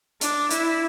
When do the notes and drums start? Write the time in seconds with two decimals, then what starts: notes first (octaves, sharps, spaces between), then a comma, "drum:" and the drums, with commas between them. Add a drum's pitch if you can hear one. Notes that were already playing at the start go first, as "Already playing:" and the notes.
0.21 D4, drum: hi-hat
0.51 E4, drum: hi-hat